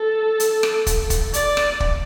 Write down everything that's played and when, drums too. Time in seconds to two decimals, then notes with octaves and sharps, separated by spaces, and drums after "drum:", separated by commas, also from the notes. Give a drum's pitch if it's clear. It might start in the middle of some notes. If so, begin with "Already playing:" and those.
Already playing: A4
0.40 drum: hi-hat
0.63 drum: rim click
0.87 drum: kick, hi-hat
1.10 drum: kick, hi-hat
1.33 D5, drum: hi-hat
1.57 drum: rim click
1.80 drum: kick